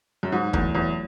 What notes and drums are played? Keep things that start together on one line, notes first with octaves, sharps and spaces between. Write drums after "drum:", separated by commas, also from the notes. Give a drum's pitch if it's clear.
F#2
G#2 F#3
E2 A3, drum: kick
E2 F#3